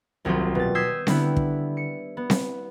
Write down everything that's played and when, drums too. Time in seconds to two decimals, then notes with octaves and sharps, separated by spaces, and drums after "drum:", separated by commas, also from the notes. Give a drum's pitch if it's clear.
0.25 D#1 C2 C3 F#3 F4
0.55 B2 A6
0.75 D#6 E6 G6 G#6 B6 C7
1.07 D3 G3 B3 E4, drum: snare C4
1.36 drum: kick
1.77 C#7
2.17 B3
2.30 drum: snare C4